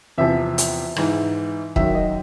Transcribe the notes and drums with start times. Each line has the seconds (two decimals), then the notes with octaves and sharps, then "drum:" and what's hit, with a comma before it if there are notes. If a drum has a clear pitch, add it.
0.18 E2 C3 F3 E5
0.58 drum: hi-hat
0.96 G#2 E3, drum: rim click
1.76 F#2 D#3 F#3 E5, drum: kick
1.95 D#5